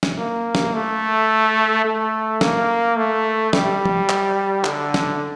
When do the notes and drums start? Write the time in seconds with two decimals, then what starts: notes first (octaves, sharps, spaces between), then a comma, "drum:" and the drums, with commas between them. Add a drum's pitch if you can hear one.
0.03 drum: snare
0.18 A#3
0.55 drum: snare
0.74 A3
1.85 A3
2.41 A#3, drum: snare
2.97 A3
3.53 G3, drum: snare
3.85 drum: tom
4.09 drum: clap
4.64 D3, drum: clap
4.94 drum: snare